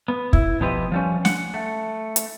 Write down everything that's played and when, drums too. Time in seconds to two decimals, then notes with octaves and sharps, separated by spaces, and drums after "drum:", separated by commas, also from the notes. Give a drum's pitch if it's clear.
0.08 B3
0.33 E4, drum: kick
0.60 B2 F3 B3 G4 D#5
0.92 F3 G3 C#4
1.25 F#5, drum: snare
1.54 A3
2.16 drum: hi-hat